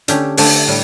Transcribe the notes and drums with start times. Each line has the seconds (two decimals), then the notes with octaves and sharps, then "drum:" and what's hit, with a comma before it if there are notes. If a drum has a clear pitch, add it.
0.08 D3 A3 C#4 G4, drum: hi-hat
0.37 D3 A3 D4 G4, drum: open hi-hat
0.67 A2 G3